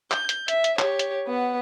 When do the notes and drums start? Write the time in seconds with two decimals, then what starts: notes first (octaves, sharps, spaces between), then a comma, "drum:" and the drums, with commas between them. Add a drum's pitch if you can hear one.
0.11 G6, drum: clap
0.29 drum: hi-hat
0.48 E5, drum: hi-hat
0.64 drum: hi-hat
0.79 G4 C#5, drum: clap
0.99 drum: hi-hat
1.27 B3 F#5